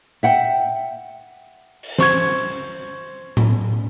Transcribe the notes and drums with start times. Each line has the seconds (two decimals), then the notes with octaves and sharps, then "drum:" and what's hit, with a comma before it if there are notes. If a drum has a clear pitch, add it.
0.23 E5 F#5 G5
1.83 drum: open hi-hat
1.98 C5 C#6 G#6, drum: snare
3.37 drum: tom A2